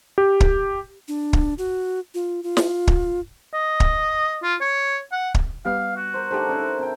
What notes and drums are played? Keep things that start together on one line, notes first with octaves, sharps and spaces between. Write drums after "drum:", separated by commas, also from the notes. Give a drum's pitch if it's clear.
G4
drum: kick
D4
drum: kick
F#4
F4
F4
drum: snare
drum: kick
D#5
drum: kick
F4
C#5
F#5
drum: kick
G3 B3 G4 F5
F#4
A#4 C5
D3 A3 D#4 G4 G#4 C5
C#4 D4 E4 A#4 C5
C3 G5